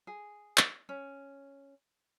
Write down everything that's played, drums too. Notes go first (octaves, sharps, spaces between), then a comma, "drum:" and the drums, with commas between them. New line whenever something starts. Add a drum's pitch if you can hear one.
G#4
drum: clap
C#4